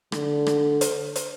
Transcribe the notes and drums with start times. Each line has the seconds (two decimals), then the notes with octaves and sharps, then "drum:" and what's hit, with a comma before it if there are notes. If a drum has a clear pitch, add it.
0.12 D3, drum: rim click
0.47 drum: rim click
0.81 drum: hi-hat
1.16 drum: hi-hat